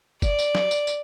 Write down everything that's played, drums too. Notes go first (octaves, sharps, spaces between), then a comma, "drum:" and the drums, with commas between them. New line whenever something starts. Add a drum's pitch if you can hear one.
D5, drum: kick, tambourine
drum: tambourine
drum: snare
drum: tambourine
drum: tambourine